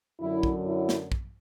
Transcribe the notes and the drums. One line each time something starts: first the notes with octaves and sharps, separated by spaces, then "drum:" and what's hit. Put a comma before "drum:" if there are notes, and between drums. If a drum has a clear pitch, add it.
F#2 D3 F#3 E4
drum: kick
E4
drum: snare
drum: kick